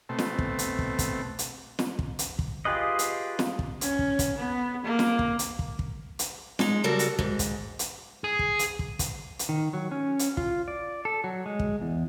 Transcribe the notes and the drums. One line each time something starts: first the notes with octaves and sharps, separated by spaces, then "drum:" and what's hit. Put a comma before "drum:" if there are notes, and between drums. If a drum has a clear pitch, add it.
B2 A3 C4
drum: snare
drum: kick
drum: hi-hat
drum: kick
drum: kick, hi-hat
drum: hi-hat
drum: snare
drum: kick
drum: hi-hat
drum: kick
F4 G4 G#4 B4 D#5
drum: hi-hat
drum: snare
drum: kick
C#4, drum: hi-hat
drum: kick
drum: kick, hi-hat
B3
A#3
drum: snare
drum: kick
drum: hi-hat
drum: kick
drum: kick
drum: hi-hat
G#3 D#4, drum: snare
C#3 F#3 G3 F#4 A4 A#4
drum: hi-hat
G#2, drum: kick
drum: kick, hi-hat
drum: hi-hat
G#4
drum: kick
drum: hi-hat
drum: kick
drum: kick, hi-hat
drum: hi-hat
D#3
F#3
C#4
drum: hi-hat
F4, drum: kick
D5
A4
F#3
G#3
drum: kick
E2